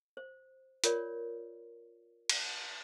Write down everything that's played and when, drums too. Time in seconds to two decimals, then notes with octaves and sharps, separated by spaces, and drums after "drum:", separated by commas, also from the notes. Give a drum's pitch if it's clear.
0.17 C5
0.84 F4 A#4 C#5 D5, drum: hi-hat
2.29 drum: cymbal